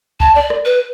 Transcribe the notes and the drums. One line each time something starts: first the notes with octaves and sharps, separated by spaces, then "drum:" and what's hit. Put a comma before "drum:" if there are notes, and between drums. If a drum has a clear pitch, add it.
A5, drum: kick C2
D5
drum: rim click
B4